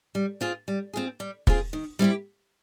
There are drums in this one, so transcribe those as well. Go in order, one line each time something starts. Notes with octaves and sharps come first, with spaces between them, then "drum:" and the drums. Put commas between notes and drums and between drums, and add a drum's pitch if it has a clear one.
G3
C4 F4 G#4
G3
C4 F4 G#4
G3
C4 F4 G#4, drum: kick
D#3
G3 C4 E4 G4